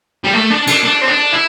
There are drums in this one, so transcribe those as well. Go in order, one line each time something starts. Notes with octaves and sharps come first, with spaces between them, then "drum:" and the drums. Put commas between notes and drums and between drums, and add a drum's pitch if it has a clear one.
G3
A3
D4
D4, drum: cymbal
D4
C4
D4
E4